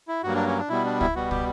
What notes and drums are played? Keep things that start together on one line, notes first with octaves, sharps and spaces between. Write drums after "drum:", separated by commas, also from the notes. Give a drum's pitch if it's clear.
E4
G2 F#3 A#3 F#4
D4
C#4
D4
B2 G3 B3 E4
D4
E4, drum: kick
B2 G3 B3 F#4
G4, drum: kick